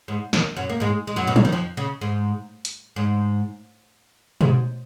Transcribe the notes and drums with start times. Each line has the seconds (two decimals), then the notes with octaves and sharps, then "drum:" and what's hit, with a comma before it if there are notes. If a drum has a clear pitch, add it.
0.08 G#2
0.33 D#2 D#3, drum: snare
0.57 F#2 F#3
0.69 A#3
0.80 G#2 G#3
1.07 G#3
1.16 F#2 F#3
1.27 B2
1.36 C#3, drum: tom F3
1.45 D#3
1.52 F2 F3
1.77 C#3
2.01 G#2
2.65 drum: hi-hat
2.96 G#2
4.41 G#2, drum: tom B2